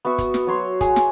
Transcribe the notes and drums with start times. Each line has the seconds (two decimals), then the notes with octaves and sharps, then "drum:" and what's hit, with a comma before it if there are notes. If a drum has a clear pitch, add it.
0.05 B3 F#4 E5 C#6
0.18 drum: kick, hi-hat
0.34 drum: snare
0.47 F#3 C#5 C6
0.81 G#4 F#5, drum: kick, hi-hat
0.96 drum: snare